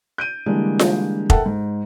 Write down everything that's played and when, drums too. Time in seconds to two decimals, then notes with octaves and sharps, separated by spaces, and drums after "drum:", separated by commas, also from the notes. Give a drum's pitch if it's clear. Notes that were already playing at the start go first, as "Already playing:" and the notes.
0.18 G6 D7 D#7
0.46 D3 E3 G3 G#3 A#3 D4
0.79 drum: snare F4
1.30 A4 A#4 E5 F#5 G5 A5, drum: kick F1
1.46 G#2